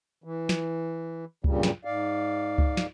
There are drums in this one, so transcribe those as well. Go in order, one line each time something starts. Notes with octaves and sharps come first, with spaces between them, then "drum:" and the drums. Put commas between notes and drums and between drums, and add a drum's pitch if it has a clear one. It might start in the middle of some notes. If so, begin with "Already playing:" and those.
E3
drum: snare
G2 A#2 C#3 G3, drum: kick C#2
drum: snare
G#2 D5 F5
drum: kick C#2
drum: snare